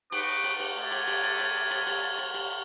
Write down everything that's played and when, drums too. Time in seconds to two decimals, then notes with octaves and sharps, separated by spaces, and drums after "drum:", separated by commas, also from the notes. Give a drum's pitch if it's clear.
0.12 D#4 B4 C#6 D6, drum: cymbal
0.44 drum: cymbal
0.60 drum: cymbal
0.77 A3 D5 F#5 G#5
0.92 drum: cymbal
1.08 drum: cymbal
1.23 drum: cymbal
1.39 drum: cymbal
1.71 drum: cymbal
1.87 drum: cymbal
2.19 drum: cymbal
2.34 drum: cymbal